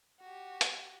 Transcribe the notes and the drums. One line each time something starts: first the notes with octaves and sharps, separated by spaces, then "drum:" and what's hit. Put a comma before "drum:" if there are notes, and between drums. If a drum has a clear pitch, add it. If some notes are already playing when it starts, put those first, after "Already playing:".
F#4 G4
drum: hi-hat